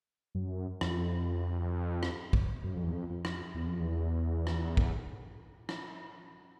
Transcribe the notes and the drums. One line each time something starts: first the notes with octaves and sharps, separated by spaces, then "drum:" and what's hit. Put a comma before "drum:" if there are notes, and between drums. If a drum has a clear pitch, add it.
F#2
F2, drum: rim click
drum: rim click
drum: kick
F#2
F2
E2
F2
F2
drum: rim click
E2
F2
E2
drum: rim click
drum: kick
drum: rim click